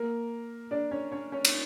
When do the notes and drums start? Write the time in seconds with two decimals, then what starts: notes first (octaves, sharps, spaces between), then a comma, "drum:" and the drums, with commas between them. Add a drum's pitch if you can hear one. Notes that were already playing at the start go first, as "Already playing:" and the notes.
Already playing: A#3 A#4
0.71 D4 D5
0.91 C#4 C#5
1.12 C#4 C#5
1.32 C#4 C#5
1.45 drum: cymbal